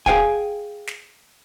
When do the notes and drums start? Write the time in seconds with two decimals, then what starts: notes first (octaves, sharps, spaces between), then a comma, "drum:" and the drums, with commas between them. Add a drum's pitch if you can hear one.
0.06 G#4 B4 F5 G5 G#5, drum: kick
0.87 drum: snare